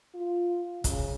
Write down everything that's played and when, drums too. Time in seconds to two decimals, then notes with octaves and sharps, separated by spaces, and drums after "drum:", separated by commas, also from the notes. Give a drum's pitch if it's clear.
0.14 F4
0.84 C#3, drum: kick, hi-hat